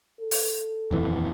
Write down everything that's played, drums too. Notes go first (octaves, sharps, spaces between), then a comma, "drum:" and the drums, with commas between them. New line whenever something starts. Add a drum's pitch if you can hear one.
A4
drum: open hi-hat
D#1 F2 E3